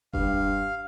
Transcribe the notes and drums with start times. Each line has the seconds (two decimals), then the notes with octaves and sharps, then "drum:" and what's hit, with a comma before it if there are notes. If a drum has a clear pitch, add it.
0.13 G2 F5, drum: kick F1